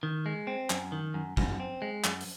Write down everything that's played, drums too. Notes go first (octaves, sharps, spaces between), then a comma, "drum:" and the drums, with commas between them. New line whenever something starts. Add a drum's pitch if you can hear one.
D#3
G#3
C4
F#2, drum: clap
D#3
F#2
F#2, drum: kick
C4
G#3
F#2, drum: clap
drum: open hi-hat